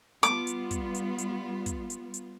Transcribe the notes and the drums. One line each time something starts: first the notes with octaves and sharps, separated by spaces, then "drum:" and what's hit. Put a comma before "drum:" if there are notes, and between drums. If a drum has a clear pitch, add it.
G3 B3 F4 D6, drum: hi-hat
drum: hi-hat
drum: kick, hi-hat
drum: hi-hat
drum: hi-hat
drum: kick, hi-hat
drum: hi-hat
drum: hi-hat